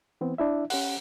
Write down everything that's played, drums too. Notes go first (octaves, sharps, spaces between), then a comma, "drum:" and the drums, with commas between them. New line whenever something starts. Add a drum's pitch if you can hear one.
E3 B3 C4
D4 E4 E5
C#4 G4 F#5, drum: open hi-hat